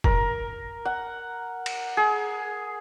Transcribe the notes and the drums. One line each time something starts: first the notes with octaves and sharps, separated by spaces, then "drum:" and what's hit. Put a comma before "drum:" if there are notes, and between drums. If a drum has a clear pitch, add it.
A#4, drum: kick
F#5
drum: cymbal
G#4